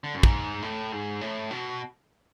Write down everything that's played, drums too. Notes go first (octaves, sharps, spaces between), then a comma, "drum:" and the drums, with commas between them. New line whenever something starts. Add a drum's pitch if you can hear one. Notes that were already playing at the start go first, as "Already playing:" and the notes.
D3
F#2
G#2, drum: kick
A2
G#2
A2
B2